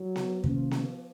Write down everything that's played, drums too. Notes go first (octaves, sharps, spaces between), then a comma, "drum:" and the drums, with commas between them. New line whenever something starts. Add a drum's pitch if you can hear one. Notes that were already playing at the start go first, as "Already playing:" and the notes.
Already playing: F#3
drum: snare B3
C3 D#3 F3 A#3 C#4, drum: kick
F3, drum: snare B3